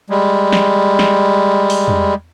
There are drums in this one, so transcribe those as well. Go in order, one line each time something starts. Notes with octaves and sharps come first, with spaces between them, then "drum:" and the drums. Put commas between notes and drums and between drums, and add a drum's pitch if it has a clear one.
G3 G#3
drum: snare
drum: snare
drum: open hi-hat
drum: tom